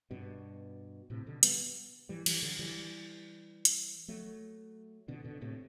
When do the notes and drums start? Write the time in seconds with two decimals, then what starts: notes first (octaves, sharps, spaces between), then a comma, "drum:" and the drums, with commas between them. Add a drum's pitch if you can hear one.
0.11 G2 B2
1.10 A2 C3
1.26 B2 D3
1.43 G3 B3, drum: hi-hat
2.09 E3 G3
2.26 E3 G3, drum: cymbal
2.42 D3 F#3
2.59 E3 G3
3.65 drum: hi-hat
4.08 F#3 A3
5.08 B2 D3
5.24 B2 D3
5.41 A2 C3